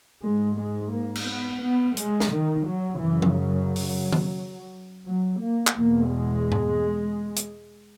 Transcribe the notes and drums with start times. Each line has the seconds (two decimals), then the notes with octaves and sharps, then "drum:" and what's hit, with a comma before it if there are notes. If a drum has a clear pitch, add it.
0.23 G#2 G#3
0.58 G#3
0.92 A#3
1.15 drum: cymbal
1.27 B3
1.62 B3
1.97 G#3, drum: hi-hat
2.20 drum: snare
2.31 D#3
2.66 F#3
3.00 F#2 C#3 E3
3.22 drum: tom
3.35 F#3
3.76 drum: open hi-hat
4.13 drum: tom D#3
5.07 F#3
5.42 A#3
5.67 drum: clap
5.77 E2 B2 A#3
6.12 G#3
6.52 drum: tom G#2
7.36 drum: hi-hat